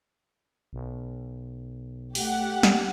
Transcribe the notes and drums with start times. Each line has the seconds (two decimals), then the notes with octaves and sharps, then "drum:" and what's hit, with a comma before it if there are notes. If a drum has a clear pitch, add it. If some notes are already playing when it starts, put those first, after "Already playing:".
0.73 B1
2.15 A3 G4 F#5, drum: open hi-hat
2.63 drum: snare